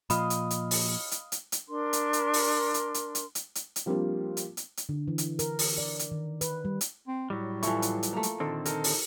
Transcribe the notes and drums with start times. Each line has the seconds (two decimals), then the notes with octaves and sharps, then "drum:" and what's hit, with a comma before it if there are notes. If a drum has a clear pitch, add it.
0.10 A#2 F3 D#5 F5 B5, drum: hi-hat
0.30 drum: hi-hat
0.50 drum: hi-hat
0.71 drum: open hi-hat
1.11 drum: hi-hat
1.32 drum: hi-hat
1.52 drum: hi-hat
1.68 D4 A#4 C6
1.93 drum: hi-hat
2.13 drum: hi-hat
2.33 drum: open hi-hat
2.74 drum: hi-hat
2.94 drum: hi-hat
3.15 drum: hi-hat
3.35 drum: hi-hat
3.55 drum: hi-hat
3.76 drum: hi-hat
3.86 F3 G3 A#3 C4 D4 F4
4.37 drum: hi-hat
4.57 drum: hi-hat
4.77 drum: hi-hat
4.89 D3
5.08 E3
5.18 drum: hi-hat
5.39 A#4, drum: hi-hat
5.59 drum: open hi-hat
5.78 D5
5.99 drum: hi-hat
6.11 D#3
6.41 B4, drum: hi-hat
6.65 G3
6.81 drum: hi-hat
7.08 C4
7.30 A2 F#3 G3
7.63 E3 F3 E4 A4 C#6, drum: hi-hat
7.82 drum: hi-hat
8.03 drum: hi-hat
8.13 A3 A#3
8.23 drum: hi-hat
8.40 A#2 D3 D#3 C4 A4
8.65 D#4 A4 A#4, drum: hi-hat
8.84 drum: open hi-hat